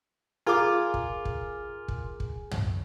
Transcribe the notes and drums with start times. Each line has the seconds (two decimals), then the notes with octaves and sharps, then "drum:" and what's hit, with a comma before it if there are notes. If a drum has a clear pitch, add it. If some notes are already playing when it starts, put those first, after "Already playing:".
0.47 F4 G#4 A#4 G#5 D6
0.94 drum: kick
1.25 drum: kick
1.88 drum: kick
2.20 drum: kick
2.51 drum: tom